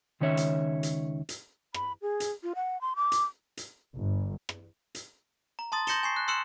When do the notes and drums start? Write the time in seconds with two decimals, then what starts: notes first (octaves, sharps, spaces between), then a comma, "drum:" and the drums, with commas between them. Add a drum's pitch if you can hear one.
0.21 C#2 D#3 C#4 C#5 E5
0.37 drum: hi-hat
0.83 drum: hi-hat
1.29 drum: hi-hat
1.74 B5, drum: rim click
2.02 G#4
2.20 drum: hi-hat
2.43 F4
2.55 F#5
2.81 C6
2.96 D6
3.12 drum: hi-hat
3.57 drum: hi-hat
3.97 G1
4.49 drum: rim click
4.95 drum: hi-hat
5.59 A#5
5.72 A5 C6 D#6 A6
5.87 C6 G6 A#6 C#7 E7 G7, drum: hi-hat
6.03 G#5 C#6 C7
6.16 F#6
6.28 C6 E6 F#6 C#7 E7 F#7